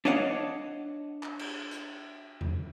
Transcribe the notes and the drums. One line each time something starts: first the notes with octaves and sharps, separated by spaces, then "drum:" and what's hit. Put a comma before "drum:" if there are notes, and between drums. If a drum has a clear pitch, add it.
D4 C#5 D#5 F5 F#5
drum: clap
drum: cymbal
drum: hi-hat
drum: tom E2